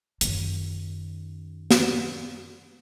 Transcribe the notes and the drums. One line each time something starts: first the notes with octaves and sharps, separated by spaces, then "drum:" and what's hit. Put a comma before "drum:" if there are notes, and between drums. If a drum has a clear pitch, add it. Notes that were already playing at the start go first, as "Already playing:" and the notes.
F#2 D#3, drum: hi-hat
drum: snare